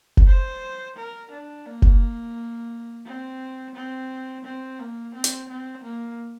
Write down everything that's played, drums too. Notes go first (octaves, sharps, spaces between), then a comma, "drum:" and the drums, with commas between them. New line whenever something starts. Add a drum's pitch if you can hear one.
drum: kick F#1
C5
A#4
D4
A#3
drum: kick F#1
C4
C4
C4
A#3
C4
drum: hi-hat
C4
A#3